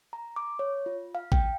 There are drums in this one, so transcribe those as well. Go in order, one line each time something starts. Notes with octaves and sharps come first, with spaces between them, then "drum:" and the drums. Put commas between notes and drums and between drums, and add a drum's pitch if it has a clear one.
A#5
D6
C#5
F4
F5
G5, drum: kick